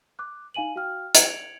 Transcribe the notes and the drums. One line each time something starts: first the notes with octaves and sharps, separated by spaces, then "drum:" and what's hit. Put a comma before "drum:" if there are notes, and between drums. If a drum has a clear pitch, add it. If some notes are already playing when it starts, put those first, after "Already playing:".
D6 F#6
D#4 F5 G#5 D#7 F#7
F#4 F5 G5 F6
G#6 C#7 D7 F7 F#7, drum: hi-hat